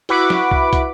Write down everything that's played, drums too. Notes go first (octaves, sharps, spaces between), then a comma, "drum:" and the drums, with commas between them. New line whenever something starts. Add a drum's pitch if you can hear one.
E4 F#4 B4 F#5 B5 D6, drum: open hi-hat
drum: snare
drum: kick
drum: kick, hi-hat